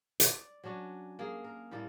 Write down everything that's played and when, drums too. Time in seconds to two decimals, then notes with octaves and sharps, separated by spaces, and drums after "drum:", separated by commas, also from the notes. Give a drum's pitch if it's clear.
0.20 D5, drum: hi-hat
0.64 F#3 C#4 D4 C#5
1.19 A#3 G#4
1.44 A#4
1.71 A2 G3 A#3 A4